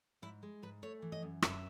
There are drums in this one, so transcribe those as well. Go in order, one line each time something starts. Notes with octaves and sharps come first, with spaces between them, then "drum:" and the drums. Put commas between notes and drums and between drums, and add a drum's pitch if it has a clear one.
G#2 E4
G#3
G#2 B4
A3 C#5
E3
D#5
F#2
F#2 E5, drum: rim click